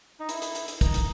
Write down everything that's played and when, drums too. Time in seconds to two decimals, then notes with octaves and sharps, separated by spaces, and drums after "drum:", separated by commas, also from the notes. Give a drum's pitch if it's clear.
0.20 D#4
0.29 E4, drum: hi-hat
0.42 drum: hi-hat
0.55 drum: hi-hat
0.68 drum: hi-hat
0.81 D#4, drum: kick, hi-hat
0.94 drum: hi-hat